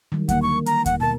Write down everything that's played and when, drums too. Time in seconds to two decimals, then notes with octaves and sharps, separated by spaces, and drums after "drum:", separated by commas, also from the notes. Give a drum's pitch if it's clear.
0.12 D#3 F#3 G3
0.29 D3 A#3 F#5, drum: kick D#2, hi-hat
0.42 C#6
0.66 A#5, drum: hi-hat
0.86 F#5, drum: kick D#2, hi-hat
1.00 B2 A#4 A5